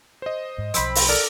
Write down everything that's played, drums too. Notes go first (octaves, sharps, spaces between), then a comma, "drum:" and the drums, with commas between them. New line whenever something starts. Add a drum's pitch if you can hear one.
C5 D#5
G#2
B1 F3 C4 B5, drum: hi-hat
drum: open hi-hat
A4 A#4 D5